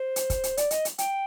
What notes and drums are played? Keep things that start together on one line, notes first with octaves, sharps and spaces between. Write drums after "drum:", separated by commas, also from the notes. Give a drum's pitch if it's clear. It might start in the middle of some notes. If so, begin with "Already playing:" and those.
Already playing: C5
drum: hi-hat
drum: kick, hi-hat
drum: hi-hat
D5, drum: hi-hat
D#5, drum: hi-hat
drum: hi-hat
G5, drum: hi-hat